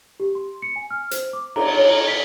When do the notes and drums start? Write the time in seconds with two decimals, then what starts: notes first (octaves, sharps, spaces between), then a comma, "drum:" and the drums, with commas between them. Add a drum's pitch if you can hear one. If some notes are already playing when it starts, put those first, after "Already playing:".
0.20 G4
0.35 C6
0.62 C#7
0.76 G#5
0.91 F6
1.11 C5, drum: hi-hat
1.33 D6
1.56 A#5, drum: cymbal
1.77 C#5
1.90 A#5
2.08 B6